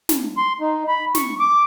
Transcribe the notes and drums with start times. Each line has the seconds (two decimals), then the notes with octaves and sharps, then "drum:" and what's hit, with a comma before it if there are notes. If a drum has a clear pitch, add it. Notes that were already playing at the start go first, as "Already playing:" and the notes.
0.09 drum: snare
0.37 C6
0.61 D#4
0.88 B5
1.15 C#6, drum: snare
1.40 D6